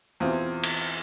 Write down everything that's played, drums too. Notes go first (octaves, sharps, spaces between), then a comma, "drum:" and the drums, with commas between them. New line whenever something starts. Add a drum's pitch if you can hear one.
E2 B2 C4 F4
drum: cymbal